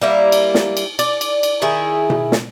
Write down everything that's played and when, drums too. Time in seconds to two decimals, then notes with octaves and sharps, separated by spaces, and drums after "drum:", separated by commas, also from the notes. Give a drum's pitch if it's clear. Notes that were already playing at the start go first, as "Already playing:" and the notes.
0.01 G3 A#3 E4
0.32 drum: cymbal
0.55 drum: snare
0.77 drum: cymbal
0.99 D5, drum: cymbal
1.21 drum: cymbal
1.43 drum: cymbal
1.62 D#3 E4 G#4
2.10 drum: tom B2
2.32 drum: snare